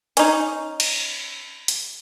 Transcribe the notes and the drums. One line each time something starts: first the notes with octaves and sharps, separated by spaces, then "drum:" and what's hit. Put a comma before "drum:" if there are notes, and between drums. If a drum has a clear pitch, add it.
C#4 D#4, drum: hi-hat
drum: cymbal
drum: hi-hat